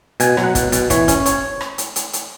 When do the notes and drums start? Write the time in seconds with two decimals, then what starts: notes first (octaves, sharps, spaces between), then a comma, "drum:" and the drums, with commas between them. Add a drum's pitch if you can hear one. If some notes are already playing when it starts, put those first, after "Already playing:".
0.20 B2 G#5, drum: hi-hat
0.37 F#3, drum: rim click
0.44 F#5
0.55 B2, drum: kick, hi-hat
0.72 B2, drum: hi-hat
0.90 E3 C#5, drum: kick, hi-hat
1.08 C#4, drum: kick, hi-hat
1.26 C#5, drum: hi-hat
1.61 drum: rim click
1.78 drum: hi-hat
1.96 drum: hi-hat
2.13 drum: hi-hat